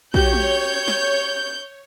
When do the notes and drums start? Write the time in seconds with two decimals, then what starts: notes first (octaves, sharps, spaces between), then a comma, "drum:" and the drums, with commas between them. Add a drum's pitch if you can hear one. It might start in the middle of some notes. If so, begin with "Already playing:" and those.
0.14 F#4 G4 C#5 G6, drum: kick
0.33 drum: tom
0.88 drum: snare